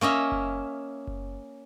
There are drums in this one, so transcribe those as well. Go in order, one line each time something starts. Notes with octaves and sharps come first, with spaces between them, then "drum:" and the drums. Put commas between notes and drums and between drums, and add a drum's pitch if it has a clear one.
A#3 C#4 D#5 E5
drum: kick F#1
drum: kick F#1